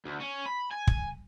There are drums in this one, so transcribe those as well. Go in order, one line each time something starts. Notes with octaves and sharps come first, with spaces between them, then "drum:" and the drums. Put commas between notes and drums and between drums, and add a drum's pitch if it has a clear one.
D2
C#4
B5
G#5
drum: kick